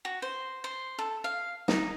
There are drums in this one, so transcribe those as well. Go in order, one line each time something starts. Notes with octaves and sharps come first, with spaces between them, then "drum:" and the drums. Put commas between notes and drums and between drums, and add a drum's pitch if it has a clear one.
F#4
C5
C5
A4
F5
D#4, drum: snare